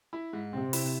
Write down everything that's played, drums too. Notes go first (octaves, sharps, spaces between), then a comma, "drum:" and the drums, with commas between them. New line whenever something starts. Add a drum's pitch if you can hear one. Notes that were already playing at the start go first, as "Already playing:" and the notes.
E4
G#2
C3 C4
E4, drum: open hi-hat